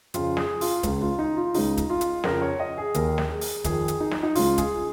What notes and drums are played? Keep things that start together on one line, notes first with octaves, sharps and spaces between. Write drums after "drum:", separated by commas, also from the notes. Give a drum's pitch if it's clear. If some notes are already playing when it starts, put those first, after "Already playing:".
F2 C#3 F4, drum: hi-hat
G#4, drum: snare
F4, drum: open hi-hat
C#2 C#3, drum: kick, hi-hat
F4
D#4
F4
C#2 C#3 D#4, drum: open hi-hat
drum: kick, hi-hat
F4
drum: hi-hat
F2 C#3 A#4, drum: snare
C#5
D#5
G#4
D#2 D#3 A#4, drum: hi-hat
drum: snare
G#4
drum: open hi-hat
F2 D#3 G#4, drum: kick, hi-hat
drum: hi-hat
D#4
drum: snare
D#4
C#2 C#3 F4, drum: open hi-hat
G#4, drum: kick, hi-hat